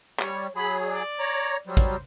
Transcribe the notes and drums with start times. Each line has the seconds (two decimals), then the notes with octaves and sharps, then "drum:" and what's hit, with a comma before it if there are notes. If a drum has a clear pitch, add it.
0.20 G3 C#5, drum: clap
0.55 F#3 G#4 B5
0.87 D5
1.19 C#5 A#5
1.67 F#3 G3 C5
1.77 drum: kick, hi-hat